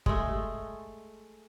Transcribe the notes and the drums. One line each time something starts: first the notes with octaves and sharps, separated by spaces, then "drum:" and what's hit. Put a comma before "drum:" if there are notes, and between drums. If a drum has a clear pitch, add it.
G#3 A3, drum: kick